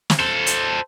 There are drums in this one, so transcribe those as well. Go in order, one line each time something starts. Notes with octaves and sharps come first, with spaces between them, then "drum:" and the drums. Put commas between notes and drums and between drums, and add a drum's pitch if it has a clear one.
drum: snare
A4 C5
drum: hi-hat